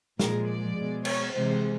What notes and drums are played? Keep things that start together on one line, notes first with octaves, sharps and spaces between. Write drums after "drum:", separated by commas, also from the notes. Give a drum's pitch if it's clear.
A#2 F3 G#3 A#4, drum: snare
D5
B2 G#3
C#5, drum: cymbal
C3 E3 G#3 C5